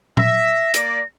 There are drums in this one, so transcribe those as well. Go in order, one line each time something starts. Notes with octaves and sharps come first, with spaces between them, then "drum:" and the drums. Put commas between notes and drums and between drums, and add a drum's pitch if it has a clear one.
E5 A#6, drum: tom A#2
A#3 D5, drum: hi-hat